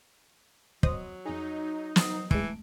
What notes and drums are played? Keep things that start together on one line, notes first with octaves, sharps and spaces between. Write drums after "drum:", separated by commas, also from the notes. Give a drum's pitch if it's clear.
F#3 C5 D#5 D#6, drum: kick
F2 D#4 G#4
F#3 C5 D#6, drum: snare
E3 G#3 A3 D7, drum: kick